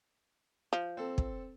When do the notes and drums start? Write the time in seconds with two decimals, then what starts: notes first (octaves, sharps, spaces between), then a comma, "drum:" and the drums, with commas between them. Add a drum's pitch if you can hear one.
0.73 F3
0.97 C4 A4
1.18 drum: kick